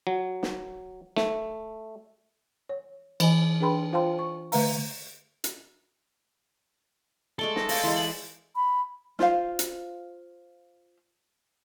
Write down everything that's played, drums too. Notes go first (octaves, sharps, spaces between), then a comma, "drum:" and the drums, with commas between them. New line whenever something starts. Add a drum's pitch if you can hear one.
F#3
drum: snare
A3, drum: snare
C#5
E3 D#5 G#5, drum: cymbal
D4 G#4 B4 G5 B5 C6
F4 C5 F5 G5 A5 C6
C#6
D3 A3 B4 E5 F5 A#5, drum: open hi-hat
drum: hi-hat
G#3 A3 A4 D5 G7
A#6, drum: snare
D5 F5 D6 A#6, drum: open hi-hat
E3 G#3 C6
F#7
B5
F4 C5 F5, drum: snare
drum: hi-hat